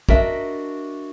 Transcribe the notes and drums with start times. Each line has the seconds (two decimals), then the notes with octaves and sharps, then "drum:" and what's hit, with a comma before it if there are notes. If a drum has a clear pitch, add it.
0.09 D4 F#4 A#4 D#5 E5, drum: kick